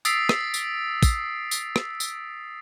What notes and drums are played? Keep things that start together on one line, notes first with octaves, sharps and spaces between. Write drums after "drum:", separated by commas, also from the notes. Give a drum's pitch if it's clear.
D#6 E6 A6 B6 C7 D7, drum: tambourine
drum: rim click
drum: tambourine
drum: kick, tambourine
drum: tambourine
drum: rim click
drum: tambourine